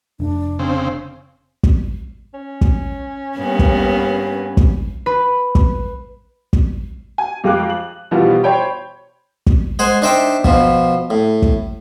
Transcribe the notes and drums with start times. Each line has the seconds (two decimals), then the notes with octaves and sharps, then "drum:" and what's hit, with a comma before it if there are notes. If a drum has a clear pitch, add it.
0.20 F1 D4
0.59 C#3 C4
1.63 drum: kick
2.34 C#4
2.61 drum: kick
3.38 G2 A#3 B3
3.59 drum: kick
4.57 drum: kick
5.06 B4
5.55 drum: kick
6.53 drum: kick
7.18 G#5
7.44 F2 G#3 F5 D6 F#6
7.70 F#7
8.11 B2 E3 F3 G3 B3 F4
8.43 C5 C#5 G5 B5
9.47 drum: kick
9.79 G#3 G#4 C5 F#5 G#5
10.02 D4 D#4 C5 E5 G5
10.44 B2 F3, drum: kick
11.10 A2
11.42 drum: kick